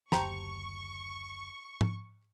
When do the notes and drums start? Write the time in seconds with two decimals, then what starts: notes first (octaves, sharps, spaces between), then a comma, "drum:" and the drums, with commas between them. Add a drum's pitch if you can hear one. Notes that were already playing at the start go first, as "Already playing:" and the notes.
0.12 F#1 D2 G4 C5 A#5 C#6, drum: snare
1.81 drum: tom G#2